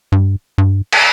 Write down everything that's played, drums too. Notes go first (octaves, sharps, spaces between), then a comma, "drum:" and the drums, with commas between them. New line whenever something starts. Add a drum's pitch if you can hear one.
G2
G2
drum: cymbal